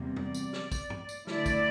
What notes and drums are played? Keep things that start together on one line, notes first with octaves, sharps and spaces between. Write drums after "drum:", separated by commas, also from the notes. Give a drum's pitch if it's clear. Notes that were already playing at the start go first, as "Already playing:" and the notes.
Already playing: E2 C3 G3 A#3
D5, drum: tom
drum: tambourine
drum: snare
drum: kick, tambourine
drum: tom
drum: tambourine
D3 A3 E4 D5, drum: snare
drum: kick, tambourine